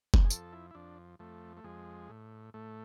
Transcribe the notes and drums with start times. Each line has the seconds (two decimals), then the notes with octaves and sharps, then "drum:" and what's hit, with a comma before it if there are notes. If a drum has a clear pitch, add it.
0.14 drum: kick F1
0.24 G#4
0.30 F2 A4, drum: tambourine
0.53 E4
0.71 E4
0.75 F2 D4
1.19 F2 A3
1.57 A3
1.64 F2 G#3
2.09 A2
2.54 A2 A3